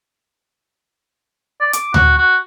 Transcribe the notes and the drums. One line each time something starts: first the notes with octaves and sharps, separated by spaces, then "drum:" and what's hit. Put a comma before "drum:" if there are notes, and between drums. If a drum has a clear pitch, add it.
D5
D6, drum: hi-hat
F#4, drum: tom D2
F#4